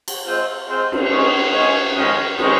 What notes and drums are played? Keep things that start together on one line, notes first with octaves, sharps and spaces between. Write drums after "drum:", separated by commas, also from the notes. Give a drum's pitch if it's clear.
drum: cymbal
G#3 C4 F4 C5
G#3 C4 F4 C5
drum: cymbal
G#3 C#4 G#4 C#5
G#3 C#4 G#4 C#5
F2 D#3 G#3 C#4
D#3 G#3 C#4, drum: cymbal